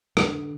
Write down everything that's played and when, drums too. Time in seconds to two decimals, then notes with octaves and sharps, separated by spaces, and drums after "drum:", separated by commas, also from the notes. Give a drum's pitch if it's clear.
0.17 D3, drum: rim click